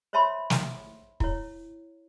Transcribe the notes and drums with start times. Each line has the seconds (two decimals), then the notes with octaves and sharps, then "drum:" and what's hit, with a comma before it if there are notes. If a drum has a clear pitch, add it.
0.13 C5 C#5 E5 A5 B5 C6
0.50 drum: snare
1.20 E4 C#5, drum: kick